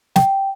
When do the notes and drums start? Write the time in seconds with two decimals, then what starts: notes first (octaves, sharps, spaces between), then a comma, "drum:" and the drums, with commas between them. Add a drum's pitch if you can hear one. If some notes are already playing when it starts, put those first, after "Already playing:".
0.16 G5, drum: snare